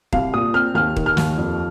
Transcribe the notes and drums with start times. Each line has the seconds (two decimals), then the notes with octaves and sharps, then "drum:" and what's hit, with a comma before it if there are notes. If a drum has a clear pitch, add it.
0.13 C2 F5, drum: kick D#1
0.33 A#2 D#6
0.54 C4 F6
0.75 D#2 F6
0.97 D#3, drum: kick D#1
1.06 F6
1.17 D#2, drum: snare
1.38 F2